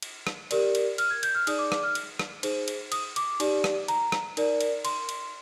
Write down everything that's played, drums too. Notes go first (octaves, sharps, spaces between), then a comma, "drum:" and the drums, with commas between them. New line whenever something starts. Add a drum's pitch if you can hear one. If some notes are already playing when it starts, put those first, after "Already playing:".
drum: cymbal
drum: rim click
G4 A#4 D5, drum: cymbal
drum: cymbal
F6, drum: cymbal
G#6
G6, drum: cymbal
F6
D#4 G#4 D5 D#6, drum: cymbal
D6
D6, drum: rim click
F6
drum: cymbal
drum: rim click
D#4 G#4 C5, drum: cymbal
drum: cymbal
D#6, drum: cymbal
D6, drum: cymbal
D#4 G4 D5, drum: cymbal
drum: rim click
A#5, drum: cymbal
drum: rim click
D#4 A#4 D5, drum: cymbal
drum: cymbal
C6, drum: cymbal
drum: cymbal